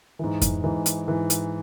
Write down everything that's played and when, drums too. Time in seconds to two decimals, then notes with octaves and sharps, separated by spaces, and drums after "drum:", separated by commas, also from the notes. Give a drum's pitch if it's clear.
0.19 G#2 E3
0.42 drum: kick F2, hi-hat
0.64 G#2 E3
0.86 drum: hi-hat
1.08 G#2 E3
1.30 drum: hi-hat